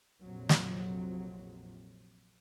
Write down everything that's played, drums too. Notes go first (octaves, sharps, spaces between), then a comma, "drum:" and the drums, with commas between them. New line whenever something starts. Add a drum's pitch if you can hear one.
A#1 F2 C3 F#3
drum: snare